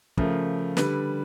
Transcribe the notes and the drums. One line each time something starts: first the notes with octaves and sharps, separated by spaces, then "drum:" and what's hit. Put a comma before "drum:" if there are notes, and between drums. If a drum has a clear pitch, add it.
C#3 F3 A3 A#4, drum: kick
D3 G3 B4, drum: snare